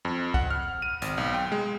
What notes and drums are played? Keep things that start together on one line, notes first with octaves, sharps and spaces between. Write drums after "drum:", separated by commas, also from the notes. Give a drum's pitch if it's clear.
F2
F#5, drum: kick
F6
D#7
G#1, drum: hi-hat
B1
G5
G#3